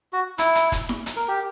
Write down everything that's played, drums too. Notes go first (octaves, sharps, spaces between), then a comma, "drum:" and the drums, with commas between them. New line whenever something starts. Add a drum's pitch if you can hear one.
F#4
E4, drum: hi-hat
drum: hi-hat
drum: kick, hi-hat
drum: snare E4
drum: hi-hat
A#4
G4